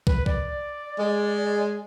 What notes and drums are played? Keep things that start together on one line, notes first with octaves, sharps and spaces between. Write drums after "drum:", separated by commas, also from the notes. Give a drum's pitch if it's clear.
B4, drum: kick
D5, drum: kick
G#3